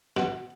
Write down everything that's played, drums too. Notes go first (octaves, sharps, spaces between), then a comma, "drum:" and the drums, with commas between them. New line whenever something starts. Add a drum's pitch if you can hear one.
B2, drum: snare